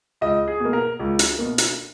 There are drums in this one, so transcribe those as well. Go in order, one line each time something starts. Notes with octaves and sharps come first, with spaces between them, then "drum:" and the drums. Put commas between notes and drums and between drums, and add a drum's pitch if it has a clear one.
C#2 D#5
G#4
B2 A#3
A#4
C#2
drum: hi-hat
B2 A#3
drum: hi-hat